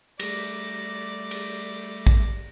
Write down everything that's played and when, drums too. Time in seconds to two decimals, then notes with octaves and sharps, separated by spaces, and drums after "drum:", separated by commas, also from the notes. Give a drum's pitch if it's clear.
0.19 G3 A3 D5 D6 A#6, drum: cymbal
1.31 drum: cymbal
2.07 drum: kick A1